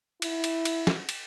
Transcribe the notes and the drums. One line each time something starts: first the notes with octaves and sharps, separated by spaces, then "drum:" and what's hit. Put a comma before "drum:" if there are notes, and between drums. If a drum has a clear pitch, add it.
E4, drum: cymbal
drum: cymbal
drum: cymbal
drum: snare
drum: cymbal